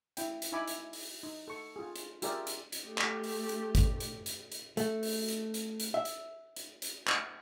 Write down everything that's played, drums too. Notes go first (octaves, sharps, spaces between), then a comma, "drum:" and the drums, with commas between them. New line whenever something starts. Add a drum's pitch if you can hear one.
E4 G5, drum: hi-hat
drum: hi-hat
D#4 E4 E5 G#5 B5 D6
drum: hi-hat
drum: open hi-hat
D#4
A4 C#6
F4 G#4
drum: hi-hat
F4 G4 G#4 A#4 D5 E5, drum: hi-hat
drum: hi-hat
drum: hi-hat
A3 G4
drum: clap
drum: open hi-hat
drum: hi-hat
drum: kick G#1, hi-hat
drum: hi-hat
drum: hi-hat
drum: hi-hat
A3, drum: hi-hat
drum: open hi-hat
drum: hi-hat
drum: hi-hat
drum: hi-hat
E5
drum: hi-hat
drum: hi-hat
drum: hi-hat
drum: clap